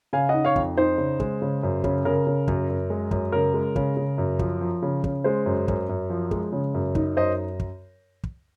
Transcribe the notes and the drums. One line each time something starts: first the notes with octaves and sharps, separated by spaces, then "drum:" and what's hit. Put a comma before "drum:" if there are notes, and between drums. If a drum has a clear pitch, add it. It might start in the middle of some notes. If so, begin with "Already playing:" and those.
C#3 F5 G#5
D#4 D#5 F#5
C#5 F5
F2, drum: kick
D#4 C5
C#3
G#3, drum: kick
C#3
F#2
C#3, drum: kick
C#3 A#4
C#3
F#2, drum: kick
F#2
G#3
F#2, drum: kick
C#3 A#4
G#3
C#3, drum: kick
C#3
F#2
F3, drum: kick
F3
C#3
C#3, drum: kick
G#3 C5
F#2
F#2, drum: kick
F#2
F3
G#3, drum: kick
C#3
F#2
D#4, drum: kick
F#2 C5 D#5
drum: kick
drum: kick